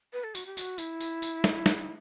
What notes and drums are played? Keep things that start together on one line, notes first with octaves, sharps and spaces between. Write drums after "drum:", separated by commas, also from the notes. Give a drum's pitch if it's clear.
B4
A4
F#4, drum: tambourine
G4
F#4, drum: tambourine
E4, drum: tambourine
drum: tambourine
drum: tambourine
drum: snare
drum: snare